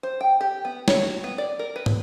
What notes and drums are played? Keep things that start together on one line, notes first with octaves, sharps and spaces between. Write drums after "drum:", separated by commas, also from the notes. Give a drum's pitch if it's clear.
C5
G5
G4
B3
C#5, drum: snare
F#4
B3
D5
A#4
B4
drum: tom